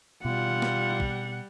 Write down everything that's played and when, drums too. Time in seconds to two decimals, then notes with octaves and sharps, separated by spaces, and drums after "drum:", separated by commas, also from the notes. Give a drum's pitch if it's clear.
0.25 B2 G3 F4 F#5
0.62 drum: snare
1.00 drum: kick